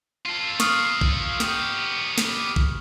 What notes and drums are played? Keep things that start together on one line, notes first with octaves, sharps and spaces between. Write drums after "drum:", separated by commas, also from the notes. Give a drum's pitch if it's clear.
F4 A4
C#6 D#6 F6, drum: snare
drum: kick A1
B3 G4 D#6, drum: snare
drum: snare
drum: kick A1